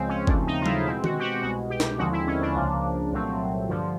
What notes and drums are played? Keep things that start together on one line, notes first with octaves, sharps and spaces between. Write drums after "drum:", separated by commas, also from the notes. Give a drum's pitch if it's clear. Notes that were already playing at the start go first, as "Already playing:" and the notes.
Already playing: C#2 C#3 F3 G#3 C4
C#4
D#2 C#3 F3 A3 C4 D4, drum: kick
D#4
F4
E4, drum: tom F#3
B2 G#3 C4 E4
F#4, drum: tom D#3
G4
F#4
C2 B2 G#3 F#4
G4
drum: snare D#4
D#2 D3 F3 G#3 C4 F#4
E4
C#4
D4
C#2 C#3 F3 A#3
C2 A#2 F#3 A3 C4
G2 D3 F3